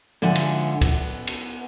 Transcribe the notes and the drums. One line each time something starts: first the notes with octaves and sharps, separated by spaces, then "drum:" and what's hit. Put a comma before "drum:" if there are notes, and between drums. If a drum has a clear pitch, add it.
G#2 D3 F3 E5 F#5 G#5
drum: cymbal
B3, drum: kick, cymbal
drum: cymbal